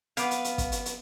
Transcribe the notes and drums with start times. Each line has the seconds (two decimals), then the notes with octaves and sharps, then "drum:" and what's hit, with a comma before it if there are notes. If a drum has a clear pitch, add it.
0.17 B3 F5 D6, drum: hi-hat
0.31 drum: hi-hat
0.44 drum: hi-hat
0.58 drum: kick, hi-hat
0.72 drum: hi-hat
0.86 drum: hi-hat